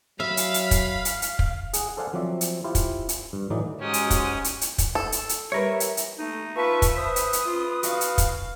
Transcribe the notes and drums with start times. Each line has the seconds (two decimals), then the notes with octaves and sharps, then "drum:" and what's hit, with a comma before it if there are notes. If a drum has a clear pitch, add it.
0.20 F#3 E5 F5 B5
0.37 drum: hi-hat
0.54 drum: hi-hat
0.71 drum: kick, hi-hat
1.05 drum: hi-hat
1.22 drum: hi-hat
1.39 drum: kick
1.73 G#4 F#5, drum: hi-hat
1.97 A4 C5 D5 F5 F#5 G#5
2.13 F3 F#3 C4 D5 E5
2.41 drum: hi-hat
2.64 E4 F4 G4 C5
2.75 drum: kick, hi-hat
3.09 drum: hi-hat
3.33 G2
3.50 A2 E3 F#3 D#4 D5
3.80 G#2 F#3 G#3 C#4 G4 D#6
3.94 drum: hi-hat
4.10 drum: kick, hi-hat
4.44 drum: hi-hat
4.61 drum: hi-hat
4.78 drum: kick, hi-hat
4.95 A4
5.12 drum: hi-hat
5.29 drum: hi-hat
5.52 G3 A#4 B4 C#5 E5
5.80 drum: hi-hat
5.97 drum: hi-hat
6.19 A3 D#4
6.56 F4 B4 E5 A5 C#6
6.82 drum: kick, hi-hat
6.97 B4 C5 D#6
7.16 drum: hi-hat
7.33 drum: hi-hat
7.46 F4
7.83 F#4 F5, drum: hi-hat
8.01 drum: hi-hat
8.18 drum: kick, hi-hat